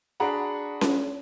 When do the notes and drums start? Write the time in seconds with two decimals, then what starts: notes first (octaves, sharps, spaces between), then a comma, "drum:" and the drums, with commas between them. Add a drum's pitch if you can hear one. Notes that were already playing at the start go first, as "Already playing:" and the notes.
0.20 D4 F#4 G#4 F#5 A#5 B5
0.81 drum: snare C#4